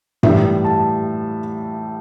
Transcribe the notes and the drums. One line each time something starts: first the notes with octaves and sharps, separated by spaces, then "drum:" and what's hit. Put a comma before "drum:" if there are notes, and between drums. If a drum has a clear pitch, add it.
A2 E3 G3 E5, drum: tom G2
A5